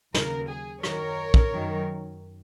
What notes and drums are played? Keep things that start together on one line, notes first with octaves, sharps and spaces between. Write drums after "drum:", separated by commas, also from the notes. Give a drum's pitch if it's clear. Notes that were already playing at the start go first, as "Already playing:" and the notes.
D#2 C#3 F#3 A#4, drum: snare
G#4
F#2 D#3 F#3 A#4 C#5, drum: rim click
drum: kick
F#2 D#3 F#3